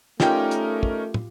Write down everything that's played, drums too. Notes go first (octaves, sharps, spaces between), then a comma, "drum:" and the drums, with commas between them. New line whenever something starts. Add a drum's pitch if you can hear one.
G3 A3 C#4 D#4 F4 G4 A#4 G5, drum: snare
drum: hi-hat
drum: kick
drum: tom